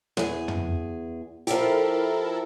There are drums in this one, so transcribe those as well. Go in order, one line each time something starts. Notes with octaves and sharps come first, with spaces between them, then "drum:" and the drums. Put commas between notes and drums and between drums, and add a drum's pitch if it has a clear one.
E2 G#4, drum: snare
drum: tom
F3 E4 G4 A4 A#4, drum: hi-hat